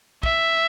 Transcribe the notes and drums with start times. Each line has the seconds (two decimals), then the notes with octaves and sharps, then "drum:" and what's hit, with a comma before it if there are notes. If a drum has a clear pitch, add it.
0.23 E5, drum: kick